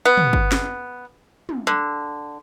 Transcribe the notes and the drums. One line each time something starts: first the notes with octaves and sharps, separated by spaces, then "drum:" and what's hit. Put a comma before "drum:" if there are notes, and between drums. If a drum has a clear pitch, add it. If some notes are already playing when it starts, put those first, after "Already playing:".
B3
drum: tom
drum: kick G1
drum: snare
drum: tom
D3